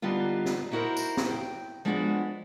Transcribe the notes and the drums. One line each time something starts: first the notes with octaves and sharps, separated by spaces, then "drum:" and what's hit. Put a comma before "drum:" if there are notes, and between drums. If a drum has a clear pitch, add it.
D3 G3 B3 D#4 F4
drum: snare
D#4 E4 F#4 G#4 A#4 C5
drum: tambourine
drum: snare
G5
F3 G#3 B3 D4 F4 F#4